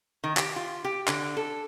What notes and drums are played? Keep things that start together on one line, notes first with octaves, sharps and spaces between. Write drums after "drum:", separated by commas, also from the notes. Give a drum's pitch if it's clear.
D#3
G4, drum: clap
F4
G4
D3, drum: clap
A4